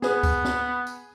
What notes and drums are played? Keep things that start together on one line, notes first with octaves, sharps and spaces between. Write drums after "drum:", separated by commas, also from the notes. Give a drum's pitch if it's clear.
B3 G#4 B4, drum: snare
drum: kick C#2, tambourine
drum: snare
drum: tambourine